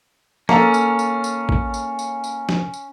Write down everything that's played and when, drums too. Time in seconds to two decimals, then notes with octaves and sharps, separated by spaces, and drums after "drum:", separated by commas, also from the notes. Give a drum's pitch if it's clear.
0.49 A#3 C#4 A4 F5 A5 A#5, drum: snare F3
0.74 drum: tambourine
0.99 drum: tambourine
1.24 drum: tambourine
1.49 drum: kick A1
1.74 drum: tambourine
1.99 drum: tambourine
2.24 drum: tambourine
2.49 drum: snare F3
2.74 drum: tambourine